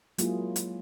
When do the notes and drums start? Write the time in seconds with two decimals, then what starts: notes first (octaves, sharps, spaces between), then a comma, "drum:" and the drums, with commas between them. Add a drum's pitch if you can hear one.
0.18 F#3 G#3 A#3 E4 F4 G#4, drum: hi-hat
0.56 drum: hi-hat